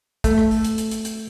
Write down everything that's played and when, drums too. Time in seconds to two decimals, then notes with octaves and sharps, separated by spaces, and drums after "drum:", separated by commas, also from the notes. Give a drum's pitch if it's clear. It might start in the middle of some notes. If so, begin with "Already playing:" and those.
0.24 A3, drum: kick, hi-hat
0.38 drum: rim click
0.51 drum: open hi-hat
0.65 drum: hi-hat
0.78 drum: hi-hat
0.91 drum: hi-hat
1.05 drum: hi-hat